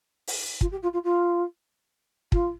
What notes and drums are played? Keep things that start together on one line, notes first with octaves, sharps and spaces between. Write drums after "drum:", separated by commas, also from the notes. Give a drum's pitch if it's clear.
drum: open hi-hat
F4, drum: kick
G4
F4
F4
F4
F4, drum: kick